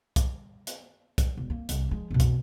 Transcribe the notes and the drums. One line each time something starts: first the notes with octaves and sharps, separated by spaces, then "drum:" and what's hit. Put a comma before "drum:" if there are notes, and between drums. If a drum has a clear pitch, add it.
drum: kick, hi-hat
drum: hi-hat
drum: kick, hi-hat
E1
A#3 C4
C2, drum: hi-hat
F3 G#3
F2 B2
drum: kick, hi-hat